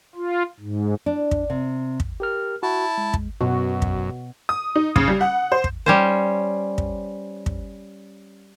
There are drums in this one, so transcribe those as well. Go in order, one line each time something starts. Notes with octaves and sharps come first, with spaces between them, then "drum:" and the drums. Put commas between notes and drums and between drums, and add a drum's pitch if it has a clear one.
F4
G#2
D4
drum: kick
C3
drum: kick
G4 A#4 F6
E4 F#4 A5
G#3
drum: kick
F#2 B2 F#4
drum: kick
D#6
D#4
C#3, drum: kick
G3
F#5
C5
drum: kick
G3 C#4 C5
drum: kick
drum: kick